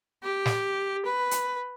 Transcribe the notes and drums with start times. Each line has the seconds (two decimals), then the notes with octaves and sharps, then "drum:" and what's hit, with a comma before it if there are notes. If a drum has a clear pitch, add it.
0.23 G4
0.45 drum: snare
1.05 B4
1.31 drum: hi-hat